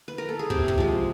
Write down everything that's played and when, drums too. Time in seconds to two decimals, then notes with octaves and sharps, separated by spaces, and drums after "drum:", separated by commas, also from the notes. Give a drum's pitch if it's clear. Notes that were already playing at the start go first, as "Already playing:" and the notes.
0.08 B4
0.18 A#4
0.29 A4
0.39 G#4
0.50 C3 G4, drum: kick
0.68 drum: kick
0.78 F3 G#3